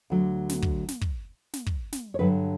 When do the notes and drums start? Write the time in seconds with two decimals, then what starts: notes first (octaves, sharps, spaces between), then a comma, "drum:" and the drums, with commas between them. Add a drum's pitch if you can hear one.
0.10 D2 D3 F#3
0.49 drum: snare
0.62 drum: kick
0.88 drum: snare
1.01 drum: kick
1.53 drum: snare
1.66 drum: kick
1.92 drum: snare
2.14 C#5
2.19 G2 D3 F#3 B4